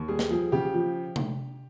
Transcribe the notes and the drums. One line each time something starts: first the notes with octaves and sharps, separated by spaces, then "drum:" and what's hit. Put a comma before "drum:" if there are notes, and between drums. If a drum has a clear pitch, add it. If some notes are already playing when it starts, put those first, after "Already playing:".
Already playing: D#2
G3 G#4
drum: snare
F3 G#4
C#3 G4
F3
drum: tom C3